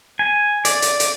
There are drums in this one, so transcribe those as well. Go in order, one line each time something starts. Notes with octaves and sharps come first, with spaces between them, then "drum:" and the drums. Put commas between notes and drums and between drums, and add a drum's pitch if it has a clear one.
G#5
D5, drum: hi-hat
drum: hi-hat
drum: hi-hat